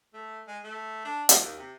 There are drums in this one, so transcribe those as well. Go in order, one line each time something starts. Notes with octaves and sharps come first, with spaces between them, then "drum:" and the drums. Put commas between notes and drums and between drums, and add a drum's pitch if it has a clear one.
A3
G#3
A3
D4
F3, drum: hi-hat
D#2
C3